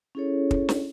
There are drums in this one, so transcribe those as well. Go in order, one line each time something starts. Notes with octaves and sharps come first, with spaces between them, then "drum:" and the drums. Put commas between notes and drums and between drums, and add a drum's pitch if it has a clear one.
C#4 E4 G#4 A4 C#5
drum: kick
drum: snare